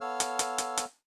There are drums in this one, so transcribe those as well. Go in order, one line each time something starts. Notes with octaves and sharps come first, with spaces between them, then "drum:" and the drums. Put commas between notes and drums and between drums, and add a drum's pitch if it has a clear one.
B3 A4 C#5 F5 E6 F6
drum: hi-hat
drum: hi-hat
drum: hi-hat
drum: hi-hat